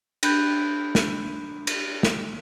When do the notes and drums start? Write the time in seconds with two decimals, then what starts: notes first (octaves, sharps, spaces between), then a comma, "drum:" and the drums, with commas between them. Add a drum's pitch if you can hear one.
0.23 D4 B5 F#6 G6, drum: cymbal
0.95 drum: snare
1.67 drum: cymbal
2.03 drum: snare